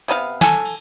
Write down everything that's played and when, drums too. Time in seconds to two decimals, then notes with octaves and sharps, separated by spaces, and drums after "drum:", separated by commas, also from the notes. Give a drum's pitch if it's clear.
0.08 C3 B3 D4 F5
0.41 A4 G#5, drum: snare
0.65 drum: cymbal